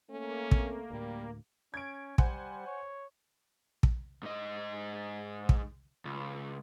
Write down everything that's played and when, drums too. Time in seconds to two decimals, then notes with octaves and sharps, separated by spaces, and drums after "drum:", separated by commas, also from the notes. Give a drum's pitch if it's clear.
0.10 A3 A#3 C#4
0.51 C4, drum: kick
0.90 D2 A2 G3
1.74 C#4 G#6 D7
2.18 G3 C5 F#5 G#5, drum: kick
2.67 C#5
3.83 drum: kick
4.23 G#2 D#5
5.49 drum: kick
6.05 C#2